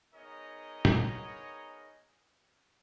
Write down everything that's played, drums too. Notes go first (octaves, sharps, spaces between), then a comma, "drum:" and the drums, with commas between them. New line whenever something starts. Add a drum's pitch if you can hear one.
B3 D#4 G#4 A#4 C#5 D#5
drum: tom A#2